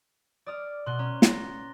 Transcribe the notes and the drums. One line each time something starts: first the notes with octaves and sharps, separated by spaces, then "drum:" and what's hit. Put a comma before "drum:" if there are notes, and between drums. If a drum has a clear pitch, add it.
D5 D6 D#6 F6
B2 C6 F#6 G7
C#4 A#5
A6 A#6, drum: snare